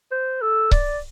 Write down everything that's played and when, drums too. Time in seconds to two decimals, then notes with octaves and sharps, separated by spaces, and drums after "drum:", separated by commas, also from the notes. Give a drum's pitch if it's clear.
0.12 C5
0.42 A4
0.71 D5, drum: kick C#1